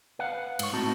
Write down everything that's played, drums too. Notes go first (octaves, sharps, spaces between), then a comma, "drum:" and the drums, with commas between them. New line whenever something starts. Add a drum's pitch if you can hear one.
B4 F5 F#5
G#2 C#5, drum: cymbal
A2 B3 C4 D#4 F#4 A5